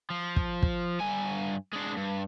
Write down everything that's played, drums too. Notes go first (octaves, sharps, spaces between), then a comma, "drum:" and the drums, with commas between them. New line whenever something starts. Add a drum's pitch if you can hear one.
F3
drum: kick
drum: kick
G2 G#5
G#3 D4
G2